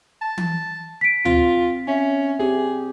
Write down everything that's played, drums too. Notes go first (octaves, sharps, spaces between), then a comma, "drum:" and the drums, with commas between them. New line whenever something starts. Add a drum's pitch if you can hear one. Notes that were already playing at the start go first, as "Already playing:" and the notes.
A5
drum: tom E3
B6 D7
C4 F4, drum: tom D2
C#4 E5
C4 G4 G#4